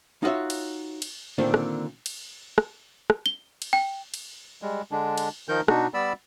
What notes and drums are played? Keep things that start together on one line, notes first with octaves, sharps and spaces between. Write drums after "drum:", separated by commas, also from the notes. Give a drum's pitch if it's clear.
D#4 F4 F#4 C#5 E5
drum: cymbal
drum: cymbal
A#2 D3 D#3 C4 D4
drum: rim click
drum: cymbal
drum: rim click
drum: rim click
G7
drum: cymbal
G5
drum: cymbal
G3 G#3
D3 G#3 D4
drum: cymbal
D#3 F3 D#4 A#4 G6
B2 D4 D#4 F#4, drum: rim click
G3 B3 D5 B5 E6